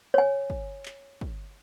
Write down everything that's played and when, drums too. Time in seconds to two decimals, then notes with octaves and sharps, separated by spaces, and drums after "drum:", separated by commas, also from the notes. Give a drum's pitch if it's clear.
0.14 C#5 G#5
0.50 drum: kick
0.86 drum: clap
1.21 drum: kick